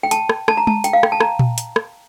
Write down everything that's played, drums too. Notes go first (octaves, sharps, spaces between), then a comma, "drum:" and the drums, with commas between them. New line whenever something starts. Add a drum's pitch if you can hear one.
G5
A5, drum: hi-hat
drum: rim click
A5, drum: rim click
A#5
A5, drum: tom G#3
G5, drum: hi-hat
F5
G5, drum: rim click
A5
A#5, drum: rim click
drum: tom A#2
drum: hi-hat
drum: rim click